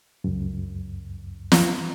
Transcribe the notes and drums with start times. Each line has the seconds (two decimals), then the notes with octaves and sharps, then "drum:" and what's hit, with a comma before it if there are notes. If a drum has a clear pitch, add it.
0.24 C#2 F#2
1.52 drum: snare